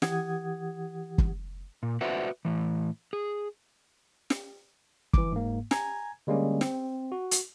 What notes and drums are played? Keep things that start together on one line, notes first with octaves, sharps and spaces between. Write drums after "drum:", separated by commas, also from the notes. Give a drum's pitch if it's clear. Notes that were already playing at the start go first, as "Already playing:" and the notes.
E3 G4 F#5 D#6 G#6, drum: snare
drum: kick
A#2
F#4 B4 C5 D5 E5 F#5
A2 E3
G#4
drum: snare
E3 D6, drum: kick
G#2 A#3
G#5 A#5 G#6, drum: snare
D3 G3 G#3 A#3 C#4
C4, drum: snare
F#4
drum: hi-hat